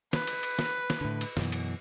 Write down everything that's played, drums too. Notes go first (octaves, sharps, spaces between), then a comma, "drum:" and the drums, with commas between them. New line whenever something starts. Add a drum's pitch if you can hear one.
B4, drum: snare
drum: cymbal
drum: cymbal
drum: snare
drum: snare
A2 D3
drum: cymbal
F#2 B2 E3, drum: snare
drum: cymbal